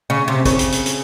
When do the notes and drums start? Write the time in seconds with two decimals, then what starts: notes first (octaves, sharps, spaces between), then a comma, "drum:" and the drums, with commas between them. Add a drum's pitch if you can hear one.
0.10 C#3
0.28 C3
0.45 C#3, drum: kick, hi-hat
0.59 drum: hi-hat
0.72 drum: hi-hat
0.86 drum: hi-hat